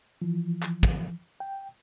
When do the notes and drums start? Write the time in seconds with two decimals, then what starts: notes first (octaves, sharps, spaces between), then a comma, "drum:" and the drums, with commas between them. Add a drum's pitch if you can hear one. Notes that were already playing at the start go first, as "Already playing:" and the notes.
0.22 E3 F3
0.63 drum: clap
0.83 drum: kick
1.40 G5